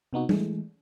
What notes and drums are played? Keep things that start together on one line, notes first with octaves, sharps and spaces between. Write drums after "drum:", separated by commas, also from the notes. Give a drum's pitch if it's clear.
C3 B3 D#4 F#4
E3 G#3 A3, drum: tom G3